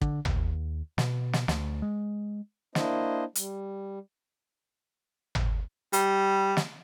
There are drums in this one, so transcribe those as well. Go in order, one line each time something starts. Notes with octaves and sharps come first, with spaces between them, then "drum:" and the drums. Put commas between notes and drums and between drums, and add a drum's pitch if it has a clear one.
D3, drum: kick
D#2, drum: tom G#1
B2, drum: snare
drum: snare
D2, drum: snare
G#3
A#3 D4 E4 C5 D#5, drum: snare
G3, drum: hi-hat
drum: tom G#1
G3, drum: hi-hat
drum: snare